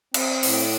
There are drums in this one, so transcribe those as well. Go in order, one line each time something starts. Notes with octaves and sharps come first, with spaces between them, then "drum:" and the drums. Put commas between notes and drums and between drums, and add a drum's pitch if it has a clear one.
C4, drum: cymbal
A2, drum: open hi-hat